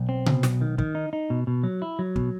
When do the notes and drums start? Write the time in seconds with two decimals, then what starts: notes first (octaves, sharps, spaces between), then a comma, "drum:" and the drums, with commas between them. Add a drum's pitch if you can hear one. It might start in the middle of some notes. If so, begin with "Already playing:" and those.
Already playing: B1
0.09 C4
0.26 B2, drum: tom C3
0.43 B1, drum: snare
0.61 D#3
0.78 D#3, drum: kick
0.95 D#4
1.13 D#4
1.30 B2
1.47 B2
1.64 F#3
1.82 E4
1.99 F#3
2.16 B2, drum: kick